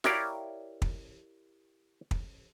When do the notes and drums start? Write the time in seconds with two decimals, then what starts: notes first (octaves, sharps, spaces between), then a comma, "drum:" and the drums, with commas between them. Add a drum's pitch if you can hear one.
0.04 E4 G4 A#4 C#5 D5 F5, drum: snare
0.82 drum: kick
2.11 drum: kick